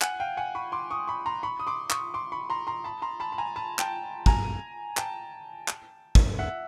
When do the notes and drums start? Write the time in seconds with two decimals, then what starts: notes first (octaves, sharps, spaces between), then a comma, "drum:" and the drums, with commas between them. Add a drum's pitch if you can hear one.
0.01 F#5 G#5, drum: clap
0.20 F5 G5
0.37 F#5 G#5
0.55 B5 C#6
0.72 C6 D6
0.91 C#6 D#6
1.07 B5 C#6
1.26 A#5 C6
1.43 B5 C#6
1.59 D#6
1.67 C6 D6
1.90 C#6 D#6, drum: clap
2.14 C6 D6
2.32 B5 C#6
2.50 A#5 C6
2.67 A#5 C6
2.84 A5 B5
3.02 A#5 C6
3.20 A5 B5
3.32 B5
3.38 G#5 A#5
3.56 A5 B5
3.79 G5 A5, drum: clap
4.26 G#5 A#5, drum: kick
4.97 G5 A5, drum: clap
5.68 drum: clap
6.15 drum: kick
6.39 E5 F#5